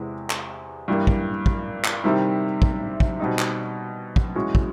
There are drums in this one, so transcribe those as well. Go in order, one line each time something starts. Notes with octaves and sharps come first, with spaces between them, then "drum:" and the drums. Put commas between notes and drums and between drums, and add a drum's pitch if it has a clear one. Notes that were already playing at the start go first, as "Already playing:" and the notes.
Already playing: E2 C3 E3 G#3
drum: clap
G2 E3 G3 A#3
drum: kick
drum: kick
drum: clap
C3 D#3 G3 C4 E4
drum: kick
drum: kick
B2 G3 C4 D#4
drum: clap
drum: kick
E3 G#3 C#4 F#4
drum: kick